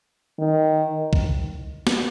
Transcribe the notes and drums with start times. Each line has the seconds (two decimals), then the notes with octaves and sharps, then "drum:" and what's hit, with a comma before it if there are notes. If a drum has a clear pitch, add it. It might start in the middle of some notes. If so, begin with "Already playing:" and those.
0.39 D#3
1.13 drum: kick
1.87 drum: snare